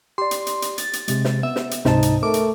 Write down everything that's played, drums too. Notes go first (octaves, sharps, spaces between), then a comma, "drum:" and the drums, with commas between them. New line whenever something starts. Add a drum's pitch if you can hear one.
G4 D5 C6
drum: hi-hat
drum: hi-hat
drum: hi-hat
A6, drum: hi-hat
drum: hi-hat
C3 G#3, drum: hi-hat
drum: snare
B3 E5
drum: snare
drum: hi-hat
C#2 G#2 C3 D#4 A5, drum: snare
drum: hi-hat
A3 A#4 D6
drum: hi-hat